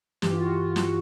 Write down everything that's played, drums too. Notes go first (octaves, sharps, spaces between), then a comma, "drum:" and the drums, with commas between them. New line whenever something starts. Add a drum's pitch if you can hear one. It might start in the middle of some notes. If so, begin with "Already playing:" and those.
G2 E3 G4, drum: snare
F4
F#4
F4
F#4, drum: snare